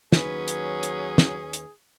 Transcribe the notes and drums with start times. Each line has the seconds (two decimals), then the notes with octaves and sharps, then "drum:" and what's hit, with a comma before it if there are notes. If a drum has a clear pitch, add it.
0.12 D#2 F#3 C#4 G#4 B4, drum: snare
0.48 drum: hi-hat
0.83 drum: hi-hat
1.18 drum: snare
1.53 drum: hi-hat